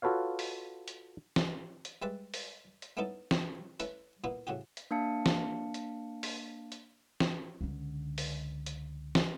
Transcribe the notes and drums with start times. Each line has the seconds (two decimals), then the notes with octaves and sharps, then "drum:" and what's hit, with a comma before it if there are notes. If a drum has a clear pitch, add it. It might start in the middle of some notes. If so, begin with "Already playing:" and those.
0.02 F4 F#4 A4 B4 C#5 F5
0.39 drum: open hi-hat
0.88 drum: hi-hat
1.36 drum: snare
1.85 drum: hi-hat
2.02 G3 G#3 B4 D5 E5
2.34 drum: open hi-hat
2.82 drum: hi-hat
2.97 A3 B3 C#4 D#4 E4 A4
3.31 drum: snare
3.80 A3 C#4 E4 B4, drum: hi-hat
4.24 A#2 A#3 B3 E4
4.47 A2 C#3 F#4 G4
4.77 drum: hi-hat
4.91 A#3 D4 F5 A5 C#7
5.26 drum: snare
5.74 drum: hi-hat
6.23 drum: open hi-hat
6.72 drum: hi-hat
7.20 drum: snare
7.61 C#2 D3
8.18 drum: open hi-hat
8.66 drum: hi-hat
9.15 drum: snare